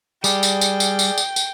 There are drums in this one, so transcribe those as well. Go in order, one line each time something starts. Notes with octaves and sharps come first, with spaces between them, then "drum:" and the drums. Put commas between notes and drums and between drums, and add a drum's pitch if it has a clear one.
G3 G#4 D5 G5, drum: tambourine
drum: tambourine
drum: tambourine
drum: tambourine
drum: tambourine
drum: tambourine
drum: tambourine